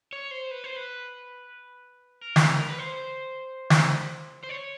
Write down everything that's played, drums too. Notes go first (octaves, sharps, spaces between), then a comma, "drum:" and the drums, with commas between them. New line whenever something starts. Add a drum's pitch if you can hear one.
C#5
C5
B4
C5
B4
A#4
B4, drum: snare
A#4
B4
C5
drum: snare
C5
C#5